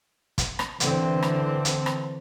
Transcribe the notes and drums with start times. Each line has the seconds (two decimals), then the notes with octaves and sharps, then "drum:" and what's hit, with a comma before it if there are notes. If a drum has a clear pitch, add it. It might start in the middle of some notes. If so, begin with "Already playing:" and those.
0.38 drum: kick, hi-hat
0.59 drum: rim click
0.80 D3 E3 C4, drum: hi-hat
1.22 drum: rim click
1.65 drum: hi-hat
1.86 drum: rim click